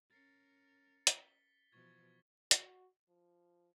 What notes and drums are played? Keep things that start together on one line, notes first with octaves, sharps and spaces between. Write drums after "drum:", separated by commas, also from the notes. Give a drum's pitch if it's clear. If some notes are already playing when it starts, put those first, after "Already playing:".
C#4 A#4 A6 C7 C#7
drum: hi-hat
B6 G7
B2 E3 F3 C#6 G#6 A6
F#4, drum: hi-hat
F3